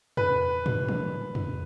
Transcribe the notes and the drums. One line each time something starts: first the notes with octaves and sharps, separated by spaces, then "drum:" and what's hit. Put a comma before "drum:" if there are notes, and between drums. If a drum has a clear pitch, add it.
B4, drum: tom
drum: tom
drum: tom
drum: tom